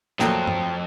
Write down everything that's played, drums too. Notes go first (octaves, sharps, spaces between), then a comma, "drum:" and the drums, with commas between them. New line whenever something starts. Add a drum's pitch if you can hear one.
F2 A#2 F#3 A3 C4, drum: snare
drum: tom G2